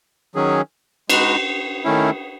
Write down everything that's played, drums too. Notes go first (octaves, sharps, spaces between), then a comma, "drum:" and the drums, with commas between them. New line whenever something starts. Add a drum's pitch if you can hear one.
D#3 F#3 C#4 G#4
G#3 D#4 F#4 B4, drum: cymbal
D#3 A3 C#4 E4